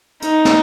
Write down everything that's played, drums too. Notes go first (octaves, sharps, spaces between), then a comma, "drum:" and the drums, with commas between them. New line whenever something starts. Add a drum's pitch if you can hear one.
D#4, drum: hi-hat
drum: snare